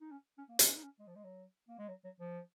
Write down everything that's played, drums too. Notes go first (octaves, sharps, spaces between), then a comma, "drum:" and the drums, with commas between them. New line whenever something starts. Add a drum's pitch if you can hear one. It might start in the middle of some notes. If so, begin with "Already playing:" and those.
D#4
C#4
C#4
A#3
C4, drum: hi-hat
C#4
D#4
C#4
G#3
F3
G#3
F#3
A#3
G#3
F#3
F#3
F3